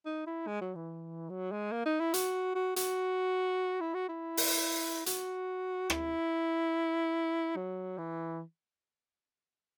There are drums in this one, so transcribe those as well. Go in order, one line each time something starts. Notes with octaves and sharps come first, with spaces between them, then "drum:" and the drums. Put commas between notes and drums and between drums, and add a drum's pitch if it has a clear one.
D#4
E4
G#3
F#3
E3
F#3
G#3
A#3
D#4
E4
F#4, drum: hi-hat
F#4
F#4, drum: hi-hat
E4
F#4
E4
drum: open hi-hat
F#4, drum: hi-hat
E4, drum: rim click
F#3
E3